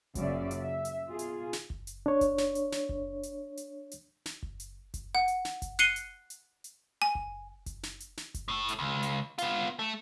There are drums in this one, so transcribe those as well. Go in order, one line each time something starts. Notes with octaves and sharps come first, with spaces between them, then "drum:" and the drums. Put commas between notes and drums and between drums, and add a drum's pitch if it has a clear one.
F#2 A#2 C#3 D5 E5, drum: kick F#1, hi-hat
drum: hi-hat
E5
drum: hi-hat
B2 F4 G#4
drum: hi-hat
drum: snare
drum: kick F#1
drum: hi-hat
D4 C#5
drum: kick F#1, hi-hat
drum: snare
drum: hi-hat
drum: snare
drum: kick F#1
drum: hi-hat
drum: hi-hat
drum: hi-hat
drum: snare
drum: kick F#1
drum: hi-hat
drum: kick F#1, hi-hat
F#5
drum: hi-hat
drum: snare
drum: kick F#1, hi-hat
F#6 C7 C#7 D#7 G7
drum: hi-hat
drum: hi-hat
drum: hi-hat
G#5
drum: kick F#1
drum: kick F#1, hi-hat
drum: snare
drum: hi-hat
drum: snare
drum: kick F#1, hi-hat
A2 A3
drum: hi-hat
C#2
drum: hi-hat
B3 F4, drum: hi-hat
A3